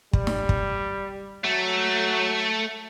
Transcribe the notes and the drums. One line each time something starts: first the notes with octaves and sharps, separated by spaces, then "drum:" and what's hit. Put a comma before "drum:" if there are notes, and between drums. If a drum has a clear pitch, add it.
G3, drum: kick
drum: snare
drum: kick
F#3 A3